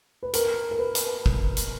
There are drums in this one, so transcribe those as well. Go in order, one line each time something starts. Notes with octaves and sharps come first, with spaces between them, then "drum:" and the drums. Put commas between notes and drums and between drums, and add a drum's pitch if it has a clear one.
B4
A#4, drum: hi-hat
A#4
B4
drum: hi-hat
drum: kick
drum: hi-hat